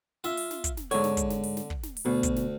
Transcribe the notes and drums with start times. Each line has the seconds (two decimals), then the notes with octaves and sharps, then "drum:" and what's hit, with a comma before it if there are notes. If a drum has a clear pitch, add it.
0.24 F4 E5, drum: snare
0.37 drum: open hi-hat
0.51 drum: snare
0.64 drum: kick, hi-hat
0.77 drum: snare
0.91 G#2 D3 C#5, drum: open hi-hat
1.04 drum: snare
1.17 drum: kick, hi-hat
1.30 drum: snare
1.43 drum: open hi-hat
1.57 drum: snare
1.70 drum: kick
1.83 drum: snare
1.97 drum: open hi-hat
2.06 D2 B2
2.23 drum: kick, hi-hat
2.36 drum: snare